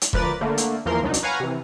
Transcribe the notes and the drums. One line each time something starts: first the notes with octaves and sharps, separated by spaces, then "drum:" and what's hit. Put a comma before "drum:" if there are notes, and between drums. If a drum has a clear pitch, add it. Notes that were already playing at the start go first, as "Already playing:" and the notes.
drum: hi-hat
D2 F3 A#4 B4 D5 A6, drum: kick E1
D3 A3 A#3
drum: hi-hat
E2 E3 F3 A#3 A#4 C6
C#2 F#3 D4 D#4
drum: hi-hat
B4 C#5 F5 F#5 G#5 A#5
C3 E3